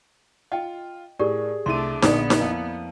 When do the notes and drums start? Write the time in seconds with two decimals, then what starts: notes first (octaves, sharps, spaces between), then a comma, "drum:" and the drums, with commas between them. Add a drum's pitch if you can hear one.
0.52 F4 D#5 G5
1.19 A2 G4 G#4 A#4 D5
1.66 C2 A3 D4 E4 C6 D#7
2.02 A#1 A#2 D3 B3 D5 D#6, drum: snare D#4
2.30 drum: snare D#4
2.40 F2 A#3 E4